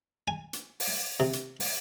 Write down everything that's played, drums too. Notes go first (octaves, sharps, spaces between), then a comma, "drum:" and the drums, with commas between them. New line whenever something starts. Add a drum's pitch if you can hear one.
G#5
drum: hi-hat
drum: open hi-hat
C3
drum: hi-hat
drum: open hi-hat